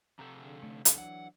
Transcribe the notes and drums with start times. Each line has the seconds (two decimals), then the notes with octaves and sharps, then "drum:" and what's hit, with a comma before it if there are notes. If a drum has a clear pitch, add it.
0.19 C3 A4 A#5 C#6 G6
0.35 D3 G#4
0.63 D3 A3
0.85 C#3 E3 F#3 D4 A4, drum: hi-hat
0.98 F#5